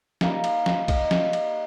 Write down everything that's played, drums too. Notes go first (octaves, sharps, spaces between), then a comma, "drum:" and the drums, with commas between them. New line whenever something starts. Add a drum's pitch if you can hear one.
G3 A#3 D#4 D#5 F5, drum: snare
drum: cymbal
drum: snare
D#5 F5, drum: kick, cymbal
drum: snare
drum: cymbal